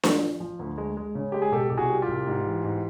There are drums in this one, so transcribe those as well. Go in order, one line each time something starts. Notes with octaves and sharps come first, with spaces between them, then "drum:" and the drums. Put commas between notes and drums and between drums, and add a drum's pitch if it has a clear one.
F3, drum: snare D4
F3
F3
D2
G#3
G#3
C#3
G#3 G4
G#4
B2 G4 A4
C2 G4
F#4 G#4
G3
F4 G4
C2
G#2
E3
G#2